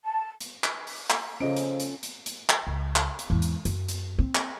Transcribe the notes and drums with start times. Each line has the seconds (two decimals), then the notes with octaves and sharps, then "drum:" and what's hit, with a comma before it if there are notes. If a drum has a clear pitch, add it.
0.04 A5
0.41 drum: hi-hat
0.64 drum: clap
0.87 drum: open hi-hat
1.10 drum: clap
1.40 C#3 F3 C#4 F4 A4 D#5 D7
1.57 drum: hi-hat
1.80 drum: hi-hat
2.03 drum: hi-hat
2.26 drum: hi-hat
2.49 drum: clap
2.67 C#2
2.96 drum: clap
3.19 drum: hi-hat
3.30 E2 G#2
3.42 drum: hi-hat
3.65 F#2, drum: hi-hat
3.88 drum: hi-hat
4.18 C4
4.35 drum: clap